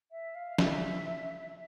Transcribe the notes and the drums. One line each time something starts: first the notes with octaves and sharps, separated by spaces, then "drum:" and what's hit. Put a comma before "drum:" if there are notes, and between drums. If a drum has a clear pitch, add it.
E5
F5
E5, drum: snare